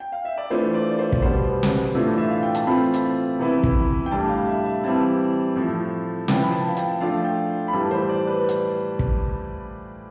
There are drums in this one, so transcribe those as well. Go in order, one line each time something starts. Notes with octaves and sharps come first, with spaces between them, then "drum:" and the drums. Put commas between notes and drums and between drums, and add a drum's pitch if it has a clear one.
G5
F5
E5
D5
E3 A3 D4 F4 C5
D5
C5
drum: kick
B2 G3 B3 C5
drum: snare
A2 E3 A3 D4 F4
E5
F5
G5
A5, drum: hi-hat
E3 A3 C4 F4 B5
drum: hi-hat
C3 E3 B3 E4
drum: kick
G5
A2 G3 D4 A5
F5
E5
E5
E3 G3 C4 E4 A5
A2 F3 A3
F3 B3 E4 G5, drum: snare
B5
A5
F5
G5, drum: hi-hat
F3 A3 D4 F4 F5
G5
B5
A2 E3 G3 A5
C5
D5
B4
drum: hi-hat
drum: kick